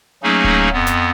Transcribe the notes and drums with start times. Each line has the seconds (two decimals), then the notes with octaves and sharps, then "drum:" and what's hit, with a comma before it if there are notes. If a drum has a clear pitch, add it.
0.23 F#3 A3 A#3 C#4 D#4 G#4
0.44 drum: kick D1
0.72 F2 B3
0.87 drum: snare